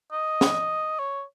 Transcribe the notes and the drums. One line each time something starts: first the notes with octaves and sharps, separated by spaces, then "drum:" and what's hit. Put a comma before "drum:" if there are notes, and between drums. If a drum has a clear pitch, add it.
D#5
drum: snare
C#5